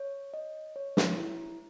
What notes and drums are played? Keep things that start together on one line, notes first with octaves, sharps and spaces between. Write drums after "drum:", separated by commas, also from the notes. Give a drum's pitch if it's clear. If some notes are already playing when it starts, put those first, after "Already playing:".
Already playing: C#5
D#5
C#5
drum: snare
E4